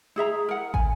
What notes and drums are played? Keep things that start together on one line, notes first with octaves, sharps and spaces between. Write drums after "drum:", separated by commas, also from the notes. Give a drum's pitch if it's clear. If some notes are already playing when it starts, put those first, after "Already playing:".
E4 G#4 E5 A#5
A#4 F#5
G#5, drum: kick